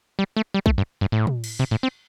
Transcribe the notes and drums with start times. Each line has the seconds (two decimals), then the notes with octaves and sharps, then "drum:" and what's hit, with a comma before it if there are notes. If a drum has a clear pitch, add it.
0.19 G3
0.37 A3
0.54 G3
0.66 A3, drum: kick
0.78 G2
1.01 G2
1.12 A2
1.27 drum: tom
1.44 drum: cymbal
1.59 C3
1.71 A2
1.83 C4